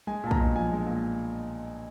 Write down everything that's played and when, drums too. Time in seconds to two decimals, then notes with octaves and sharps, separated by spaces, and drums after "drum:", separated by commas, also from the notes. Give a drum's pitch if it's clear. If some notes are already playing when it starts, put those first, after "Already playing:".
0.07 G#3 G#5
0.24 A#2 A5
0.31 A#5, drum: kick
0.40 B1
0.55 F3 G#5
0.72 G#3
0.86 A#2